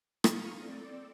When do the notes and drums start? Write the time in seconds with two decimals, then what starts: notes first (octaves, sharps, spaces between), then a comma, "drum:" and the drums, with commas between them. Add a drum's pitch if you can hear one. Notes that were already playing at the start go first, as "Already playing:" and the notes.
0.24 F5 A#5 B5 C#6 D#6 F6, drum: rim click
0.57 C4 A4 D5